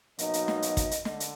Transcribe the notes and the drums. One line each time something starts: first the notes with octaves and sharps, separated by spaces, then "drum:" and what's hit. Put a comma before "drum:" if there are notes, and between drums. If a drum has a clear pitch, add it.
B2 F#3 A#3 D#4 D#5, drum: hi-hat
drum: hi-hat
drum: snare
drum: hi-hat
drum: kick, hi-hat
drum: hi-hat
D3 D#5, drum: snare
drum: hi-hat